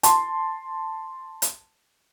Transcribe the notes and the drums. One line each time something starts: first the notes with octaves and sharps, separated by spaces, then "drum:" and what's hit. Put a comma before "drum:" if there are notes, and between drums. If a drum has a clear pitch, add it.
A5 C6, drum: hi-hat
drum: hi-hat